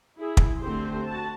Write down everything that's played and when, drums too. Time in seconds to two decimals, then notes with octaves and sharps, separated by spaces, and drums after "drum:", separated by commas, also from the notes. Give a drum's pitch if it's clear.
0.19 E4 G#4
0.37 drum: kick
0.60 D3 A3 C4 G4 C5 C6
1.05 F#4 A5